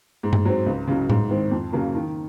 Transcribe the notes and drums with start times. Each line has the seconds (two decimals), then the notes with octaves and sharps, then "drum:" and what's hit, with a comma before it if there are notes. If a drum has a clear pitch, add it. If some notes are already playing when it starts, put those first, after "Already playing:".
0.23 G#2
0.33 drum: tom G2
0.45 F#3 C4
0.66 C#2
0.87 C#3 F#3
1.10 G#2, drum: tom A2
1.30 D#3 G#3 C4
1.51 F2
1.72 C#3 F#3 A#3
1.95 D#3